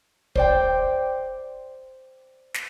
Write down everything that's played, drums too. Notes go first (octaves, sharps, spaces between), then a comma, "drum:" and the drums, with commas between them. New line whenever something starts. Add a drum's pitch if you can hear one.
C5 D5 G5, drum: kick
drum: snare